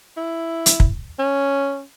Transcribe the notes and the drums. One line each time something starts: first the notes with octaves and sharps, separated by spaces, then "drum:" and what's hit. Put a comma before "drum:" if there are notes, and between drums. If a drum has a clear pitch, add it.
E4
drum: hi-hat
drum: kick
C#4